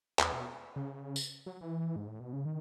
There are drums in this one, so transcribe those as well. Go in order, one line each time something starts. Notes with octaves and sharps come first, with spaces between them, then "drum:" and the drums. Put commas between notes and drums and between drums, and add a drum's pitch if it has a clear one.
E2, drum: clap
B2
C#3
drum: tambourine
F#3
E3
G#2
A2
B2
C#3
D#3